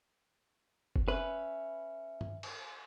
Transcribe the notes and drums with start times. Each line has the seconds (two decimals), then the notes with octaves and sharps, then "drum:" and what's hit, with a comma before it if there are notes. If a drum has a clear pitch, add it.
0.96 drum: kick F#1
1.08 C#4 B4 E5
2.21 drum: tom G2
2.43 drum: cymbal